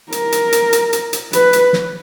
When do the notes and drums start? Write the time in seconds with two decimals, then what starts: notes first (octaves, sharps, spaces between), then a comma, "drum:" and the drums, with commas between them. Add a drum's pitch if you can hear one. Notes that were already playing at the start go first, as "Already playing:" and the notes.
0.12 A#4, drum: hi-hat
0.32 drum: hi-hat
0.52 drum: hi-hat
0.73 drum: hi-hat
0.93 drum: hi-hat
1.13 drum: hi-hat
1.33 B4, drum: hi-hat
1.53 drum: hi-hat
1.73 drum: snare